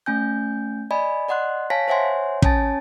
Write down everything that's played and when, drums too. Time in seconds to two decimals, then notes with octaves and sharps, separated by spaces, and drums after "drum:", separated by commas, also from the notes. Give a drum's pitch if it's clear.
0.06 A3 C#4 G#5 G6
0.91 D5 D#5 G#5 B5
1.29 D5 D#5 F#5 C6 F#6
1.70 C#5 F5 G#5 A5 A#6 B6
1.88 C5 C#5 E5 F#5 G#5 C6
2.42 C#4 C#5 G#5 A5 A6, drum: kick